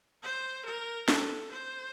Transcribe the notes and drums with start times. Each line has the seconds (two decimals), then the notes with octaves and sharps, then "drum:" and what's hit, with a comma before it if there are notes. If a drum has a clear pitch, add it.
0.23 C5
0.65 A#4
1.08 A4, drum: snare
1.51 C5